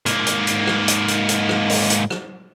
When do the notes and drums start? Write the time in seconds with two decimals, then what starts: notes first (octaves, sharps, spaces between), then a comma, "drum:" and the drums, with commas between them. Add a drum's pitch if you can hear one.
0.06 G#2 A#3, drum: hi-hat
0.26 drum: hi-hat
0.47 drum: hi-hat
0.67 drum: rim click
0.88 drum: hi-hat
1.08 drum: hi-hat
1.29 drum: hi-hat
1.49 drum: rim click
1.70 drum: open hi-hat
1.90 drum: hi-hat
2.10 drum: rim click